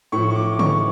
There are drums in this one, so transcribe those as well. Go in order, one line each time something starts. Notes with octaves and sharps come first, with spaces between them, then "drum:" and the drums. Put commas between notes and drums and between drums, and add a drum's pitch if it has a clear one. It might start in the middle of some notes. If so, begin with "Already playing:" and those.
A2 F3 C#6
C#6
D6
D6
C#6, drum: tom C#3